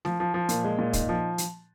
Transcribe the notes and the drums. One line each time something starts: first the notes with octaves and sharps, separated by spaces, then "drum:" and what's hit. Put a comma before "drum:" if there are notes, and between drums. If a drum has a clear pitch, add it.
F3, drum: snare A3
F3
F3
A#2, drum: hi-hat
G#3
A#2
D#4, drum: kick, hi-hat
F3
drum: hi-hat